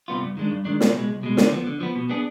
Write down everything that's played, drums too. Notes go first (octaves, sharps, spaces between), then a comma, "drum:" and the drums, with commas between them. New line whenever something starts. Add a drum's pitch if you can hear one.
C3 G3 B3 F4
G2
D#3 G#3 D4
G2
D#3 G#3 D4
C2, drum: snare
B2 G#3
C2
B2 G#3
D3, drum: snare
F3 B3
D3
F3 B3
B2
B3 D4 G#4